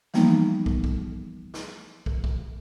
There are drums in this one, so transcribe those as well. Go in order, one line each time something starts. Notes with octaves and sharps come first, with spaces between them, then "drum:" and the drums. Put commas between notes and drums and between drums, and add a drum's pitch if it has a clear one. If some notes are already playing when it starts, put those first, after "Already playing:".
E3 F3 G3 A#3 B3 D#4, drum: snare
drum: kick
drum: kick
drum: snare
drum: kick
drum: kick